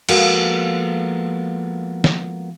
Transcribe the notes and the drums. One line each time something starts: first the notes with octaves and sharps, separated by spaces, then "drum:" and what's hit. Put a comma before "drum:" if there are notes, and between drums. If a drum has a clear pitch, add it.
F3 G#3 A#3 B3 F#4 A4, drum: cymbal
drum: snare